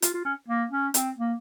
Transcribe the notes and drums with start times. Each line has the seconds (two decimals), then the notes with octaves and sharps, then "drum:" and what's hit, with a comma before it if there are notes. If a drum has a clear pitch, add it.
0.02 F4, drum: hi-hat
0.14 F4
0.25 C#4
0.48 A#3
0.71 C#4
0.94 C4, drum: hi-hat
1.18 A#3